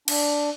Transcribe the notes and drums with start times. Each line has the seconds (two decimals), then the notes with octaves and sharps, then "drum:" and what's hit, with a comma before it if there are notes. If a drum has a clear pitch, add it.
0.08 D4, drum: cymbal